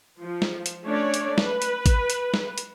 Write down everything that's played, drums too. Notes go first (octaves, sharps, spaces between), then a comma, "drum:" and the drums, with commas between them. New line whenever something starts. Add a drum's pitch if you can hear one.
F3
drum: snare
drum: hi-hat
A3 C#4 D4 C#5 D5
drum: hi-hat
B4, drum: snare
drum: hi-hat
drum: kick A1, hi-hat
drum: hi-hat
drum: snare
drum: hi-hat